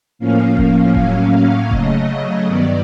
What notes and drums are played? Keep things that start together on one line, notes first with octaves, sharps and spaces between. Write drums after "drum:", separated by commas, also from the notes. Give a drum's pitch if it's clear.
A2 F3 A#3 C#4 F5
drum: kick E1
A2 F#3 A#3 C#4 F5, drum: kick E1
C#3 F#3 A3 D#5, drum: kick E1
G2 D#3 F#3 B3 D5